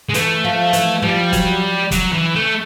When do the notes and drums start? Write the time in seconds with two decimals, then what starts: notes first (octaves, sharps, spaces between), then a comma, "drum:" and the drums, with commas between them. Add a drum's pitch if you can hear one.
0.09 G#3
0.14 E3 A3, drum: hi-hat
0.44 F3
0.73 E3, drum: hi-hat
1.02 F3 G3
1.33 F#3, drum: kick F1, hi-hat
1.91 F#3, drum: kick F1, hi-hat
2.13 E3
2.36 A3